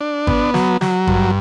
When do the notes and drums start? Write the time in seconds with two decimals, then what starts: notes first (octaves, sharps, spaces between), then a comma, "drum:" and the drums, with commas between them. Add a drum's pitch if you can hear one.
0.01 D4
0.27 B3, drum: kick G#1
0.54 F#3, drum: snare
0.81 F#3, drum: snare
1.07 G2, drum: kick G#1